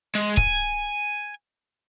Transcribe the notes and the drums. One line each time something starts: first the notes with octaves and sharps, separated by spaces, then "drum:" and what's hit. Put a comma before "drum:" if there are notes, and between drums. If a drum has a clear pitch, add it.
G#3
G#5, drum: kick C#1